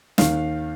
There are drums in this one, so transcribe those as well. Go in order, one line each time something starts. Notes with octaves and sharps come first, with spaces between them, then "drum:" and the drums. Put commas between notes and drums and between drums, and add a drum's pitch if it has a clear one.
D#2 D#3 F5, drum: snare